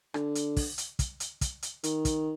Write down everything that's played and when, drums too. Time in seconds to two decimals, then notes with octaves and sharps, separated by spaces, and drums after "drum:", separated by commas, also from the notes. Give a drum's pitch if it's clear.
0.14 D3, drum: rim click
0.35 drum: hi-hat
0.57 drum: kick, open hi-hat
0.78 drum: hi-hat
0.99 drum: kick, hi-hat
1.20 drum: hi-hat
1.41 drum: kick, hi-hat
1.62 drum: hi-hat
1.83 D#3, drum: hi-hat
2.05 drum: kick, hi-hat